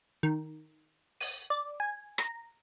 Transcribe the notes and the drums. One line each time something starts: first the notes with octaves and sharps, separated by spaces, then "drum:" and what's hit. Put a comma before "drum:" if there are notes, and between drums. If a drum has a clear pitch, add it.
D#3
D#7, drum: open hi-hat
D5
G#5
A#5, drum: rim click